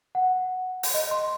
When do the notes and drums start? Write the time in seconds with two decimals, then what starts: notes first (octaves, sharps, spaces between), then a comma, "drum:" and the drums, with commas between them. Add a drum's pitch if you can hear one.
0.15 F#5
0.83 drum: open hi-hat
0.94 D#5
1.11 C6